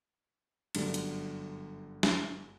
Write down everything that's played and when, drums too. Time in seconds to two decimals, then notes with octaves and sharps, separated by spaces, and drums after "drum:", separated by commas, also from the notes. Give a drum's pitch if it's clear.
0.75 G1 F#2 D3 G3, drum: cymbal
0.94 drum: hi-hat
2.03 drum: snare